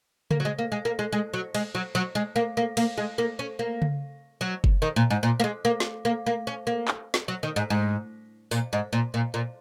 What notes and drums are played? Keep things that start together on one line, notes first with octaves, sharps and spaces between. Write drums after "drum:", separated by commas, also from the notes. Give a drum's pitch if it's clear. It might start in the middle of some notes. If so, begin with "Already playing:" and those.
A#3, drum: tom C#3
F#3
G#3
A#3
G#3
A#3
G#3
G#3
F#3
G#3, drum: cymbal
F#3
F#3
G#3
A#3
A#3
A#3, drum: cymbal
G#3
A#3
C#4
A#3
drum: tom C#3
F#3
drum: kick F#1
D#3
A#2
G#2
A#2
A#3
G#3
A#3
drum: snare
A#3
A#3
C#4
A#3
drum: clap
drum: snare
F#3
D#3
G#2
G#2
A#2, drum: tambourine
G#2
A#2
A#2
A#2